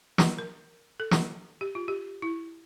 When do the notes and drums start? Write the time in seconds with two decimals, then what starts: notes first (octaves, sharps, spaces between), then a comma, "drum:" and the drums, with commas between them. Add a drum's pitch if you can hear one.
0.18 drum: snare
0.38 A#4
1.00 A4
1.11 drum: snare
1.61 G4
1.75 F4
1.88 G4
2.22 E4